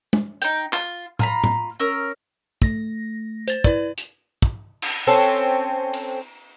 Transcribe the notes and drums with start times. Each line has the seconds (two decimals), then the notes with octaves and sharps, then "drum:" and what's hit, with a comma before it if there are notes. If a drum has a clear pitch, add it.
0.13 drum: tom
0.42 D#4 G5, drum: hi-hat
0.73 F4, drum: clap
1.19 F4 A#5 B5, drum: tom
1.44 drum: tom
1.80 C#4 A#4 E6
2.62 A3 A#6, drum: kick
3.48 C5 A6, drum: hi-hat
3.64 E4 B4 D5, drum: kick
3.98 drum: hi-hat
4.42 drum: kick
4.82 drum: cymbal
5.07 C4 C#4 A4
5.93 drum: cymbal